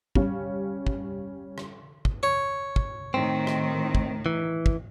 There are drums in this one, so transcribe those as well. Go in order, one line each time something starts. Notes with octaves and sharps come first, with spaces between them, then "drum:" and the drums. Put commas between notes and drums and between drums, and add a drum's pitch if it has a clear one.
G3 C#4 F5, drum: kick
drum: kick
drum: rim click
drum: kick
C#5
drum: kick
A2 D#3 C4
drum: rim click
drum: kick
E3
drum: kick